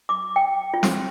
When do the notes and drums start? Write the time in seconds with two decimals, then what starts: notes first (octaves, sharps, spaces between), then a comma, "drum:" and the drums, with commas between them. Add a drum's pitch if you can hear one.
0.09 D6
0.36 G5
0.74 F4
0.83 drum: snare